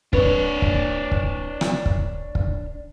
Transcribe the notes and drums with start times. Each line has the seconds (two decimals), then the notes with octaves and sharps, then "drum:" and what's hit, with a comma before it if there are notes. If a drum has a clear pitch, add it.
0.13 D4 B4 C#5, drum: kick
0.62 drum: kick
1.12 drum: kick
1.61 drum: rim click
1.86 drum: kick
2.35 drum: kick